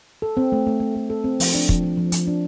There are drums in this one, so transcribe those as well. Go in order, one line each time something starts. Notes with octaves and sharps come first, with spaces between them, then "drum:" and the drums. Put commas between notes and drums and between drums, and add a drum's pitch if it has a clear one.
A4
C4
A3
A3
A3
A3
A4
C4
F3, drum: open hi-hat
D4
F3, drum: kick
F3
F3
F3, drum: hi-hat
D4